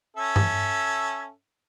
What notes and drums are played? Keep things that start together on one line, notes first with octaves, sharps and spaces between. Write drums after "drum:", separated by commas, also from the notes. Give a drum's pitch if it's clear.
C#4 A4 E5
drum: tom G2